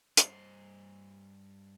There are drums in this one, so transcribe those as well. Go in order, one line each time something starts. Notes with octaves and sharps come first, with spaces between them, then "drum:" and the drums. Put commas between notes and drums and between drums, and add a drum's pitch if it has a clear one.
G2 C5, drum: hi-hat